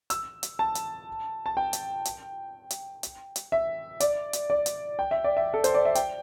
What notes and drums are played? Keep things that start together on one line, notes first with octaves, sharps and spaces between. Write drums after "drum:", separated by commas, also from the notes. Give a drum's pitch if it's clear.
E6, drum: hi-hat
drum: hi-hat
A5
drum: hi-hat
A5
G5
drum: hi-hat
drum: hi-hat
drum: hi-hat
drum: hi-hat
drum: hi-hat
E5
D5, drum: hi-hat
drum: hi-hat
D5
drum: hi-hat
G5
E5
D5
E5
A4
C5, drum: hi-hat
D5
E5
G5, drum: hi-hat